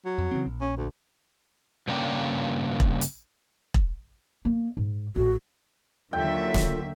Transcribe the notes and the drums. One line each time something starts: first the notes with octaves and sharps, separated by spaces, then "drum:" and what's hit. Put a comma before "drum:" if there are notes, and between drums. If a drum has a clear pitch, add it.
F#3
F2
C#3 E3 C4
A#1
C#4
D2
G2 C#3 A#3 D5 G5
drum: kick E1
drum: hi-hat
drum: kick E1
A#3
G#2
A1 F#4
D#2 D3 F#3 A#3 F4 A4 E5 G5
drum: snare